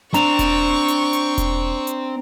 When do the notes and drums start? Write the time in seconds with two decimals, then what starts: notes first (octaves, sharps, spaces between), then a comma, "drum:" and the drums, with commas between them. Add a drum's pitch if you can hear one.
0.14 C4 D4 A#5 C#6 F7, drum: hi-hat
0.39 drum: kick E1, hi-hat
0.88 drum: hi-hat
1.13 drum: hi-hat
1.38 drum: kick E1, hi-hat
1.87 drum: hi-hat